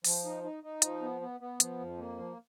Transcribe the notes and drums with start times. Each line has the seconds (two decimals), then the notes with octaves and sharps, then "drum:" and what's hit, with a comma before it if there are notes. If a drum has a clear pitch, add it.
0.04 F3, drum: open hi-hat
0.25 D#4
0.43 D#4
0.63 D#4
0.82 F3, drum: hi-hat
1.02 B3
1.21 B3
1.40 B3
1.60 F3, drum: hi-hat
1.80 F2
1.98 A#3
2.18 F3